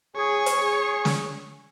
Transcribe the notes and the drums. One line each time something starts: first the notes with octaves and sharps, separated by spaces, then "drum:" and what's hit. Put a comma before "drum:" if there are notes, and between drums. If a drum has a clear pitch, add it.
G#4 C#5
drum: hi-hat
G#4
drum: snare